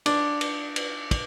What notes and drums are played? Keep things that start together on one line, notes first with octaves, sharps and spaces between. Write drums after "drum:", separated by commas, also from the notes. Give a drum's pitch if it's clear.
D4, drum: cymbal
drum: cymbal
drum: cymbal
drum: kick, cymbal